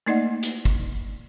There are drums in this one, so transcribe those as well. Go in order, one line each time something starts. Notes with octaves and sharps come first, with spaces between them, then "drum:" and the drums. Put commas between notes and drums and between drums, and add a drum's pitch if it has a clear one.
A3 A#3 D#4 D5 D#5 F#5
drum: hi-hat
drum: kick